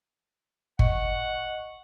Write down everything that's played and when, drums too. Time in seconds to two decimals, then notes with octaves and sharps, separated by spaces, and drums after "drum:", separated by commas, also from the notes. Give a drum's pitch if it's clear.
0.79 D#5 F#5 C#6, drum: kick G1